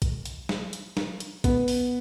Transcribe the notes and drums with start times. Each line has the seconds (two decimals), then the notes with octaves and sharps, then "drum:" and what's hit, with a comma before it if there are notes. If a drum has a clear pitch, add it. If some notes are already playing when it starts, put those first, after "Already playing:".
0.02 drum: kick, hi-hat
0.25 drum: hi-hat
0.49 drum: snare
0.73 drum: hi-hat
0.97 drum: snare
1.20 drum: hi-hat
1.44 B3, drum: kick, hi-hat
1.68 drum: open hi-hat